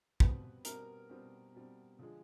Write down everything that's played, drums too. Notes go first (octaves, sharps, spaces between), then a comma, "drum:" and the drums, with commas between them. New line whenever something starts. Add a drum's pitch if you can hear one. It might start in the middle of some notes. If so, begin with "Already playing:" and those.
B2 G3 C4 B4, drum: kick
B2 G3 C4 A#4, drum: hi-hat
B2 G3 C4
B2 G3 C4
D3 F3 G#3